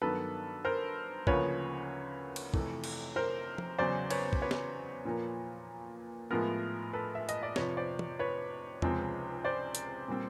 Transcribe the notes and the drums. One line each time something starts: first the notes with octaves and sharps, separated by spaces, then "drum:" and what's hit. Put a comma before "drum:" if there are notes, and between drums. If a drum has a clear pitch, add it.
G2 D#3 F#3 B3 A4 B4
A#4 C5
D2 C#3 F3 A#3 B4 C#5, drum: kick
drum: cymbal
F2 C3 E3 A3, drum: kick
drum: cymbal
A#4 C5
drum: tom F3
E2 C#3 F#3 C5 D5
B4 C#5, drum: cymbal
drum: kick
B4 C#5
drum: snare
A#2 F3 A#3
A2 F3 G#3 B3 A#4
A4 B4
E5
D#5, drum: hi-hat
D5
F2 C3 F3 B4 C#5, drum: snare
C5 D5
drum: tom
B4 C#5
C#2 C3 F3 G#3 C4, drum: tom E2
C5 D5
drum: hi-hat
A#2 G3 C4